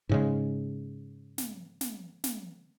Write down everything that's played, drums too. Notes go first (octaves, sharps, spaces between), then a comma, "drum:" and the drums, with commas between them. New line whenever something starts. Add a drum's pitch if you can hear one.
G#2 C#3 G#3
drum: snare
drum: snare
drum: snare